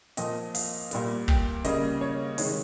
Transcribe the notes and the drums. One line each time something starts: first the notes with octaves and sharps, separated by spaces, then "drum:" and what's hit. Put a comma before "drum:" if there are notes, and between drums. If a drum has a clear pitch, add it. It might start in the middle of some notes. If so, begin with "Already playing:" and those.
A#2 F3 A#3 D#5, drum: hi-hat
F5, drum: open hi-hat
A#2 G3 A#3, drum: hi-hat
G5, drum: kick
C#3 G3 A#3 D#5, drum: hi-hat
C#5
C3 D#3 G#3 C#5, drum: open hi-hat